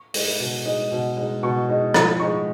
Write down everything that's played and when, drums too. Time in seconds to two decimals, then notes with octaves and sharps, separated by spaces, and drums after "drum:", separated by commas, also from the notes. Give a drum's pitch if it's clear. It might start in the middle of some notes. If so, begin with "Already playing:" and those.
Already playing: C#6
0.14 G#3 D#4, drum: open hi-hat
0.39 B2
0.65 G#3 D#4
0.91 B2
1.17 G#3 D#4
1.43 B2 C#6
1.69 G#3 D#4
1.94 F3 B5, drum: rim click
2.20 G#3 D#4 C#6